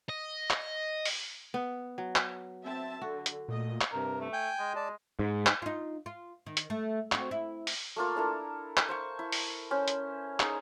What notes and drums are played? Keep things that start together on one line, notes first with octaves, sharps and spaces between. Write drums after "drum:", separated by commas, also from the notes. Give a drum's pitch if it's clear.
D#5
drum: clap
drum: open hi-hat
B3
F#3
drum: clap
C4 E5 A5
D3 F#4
drum: hi-hat
A#2 A3 D#5
drum: clap
G2 C3 A#4
A3
G5 G#5 G6
G#3
D5 A5
G#2
drum: clap
D#4 F4
F4
D#3
drum: hi-hat
A3
C4 F#4, drum: clap
E4
drum: open hi-hat
A3 A#3 F4
D4 E4 A4 A#4
drum: clap
C5 F5 C#6
E4
drum: open hi-hat
C#4 C5
drum: hi-hat
D#4 G#4, drum: clap